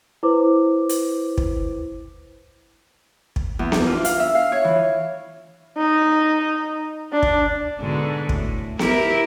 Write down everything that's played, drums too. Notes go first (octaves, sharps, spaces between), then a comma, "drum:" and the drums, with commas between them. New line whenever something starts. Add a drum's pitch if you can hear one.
E4 B4 C5 D6
drum: hi-hat
drum: kick
drum: kick
E2
D4, drum: snare B3
F4
F5, drum: hi-hat
E5
F5
C#5
E3
D#4
D4
drum: kick
G#2 B2 D3
A2, drum: kick
E4 G4 A#4, drum: snare B3